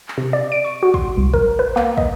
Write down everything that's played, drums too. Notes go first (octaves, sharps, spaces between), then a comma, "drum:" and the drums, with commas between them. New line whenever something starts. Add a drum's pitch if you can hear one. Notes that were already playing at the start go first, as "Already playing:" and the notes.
drum: clap
C3
D5
D7
C#6
F#4
C6, drum: kick
C2
A#4, drum: kick
B4
A#3, drum: clap
D#5, drum: kick